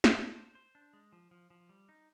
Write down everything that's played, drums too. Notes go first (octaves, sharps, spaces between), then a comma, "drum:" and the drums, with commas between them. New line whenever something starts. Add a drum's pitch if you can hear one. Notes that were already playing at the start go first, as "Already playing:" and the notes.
drum: snare
D4
C5
C5
D4
G#3
F3
F3
F3
G3
D#4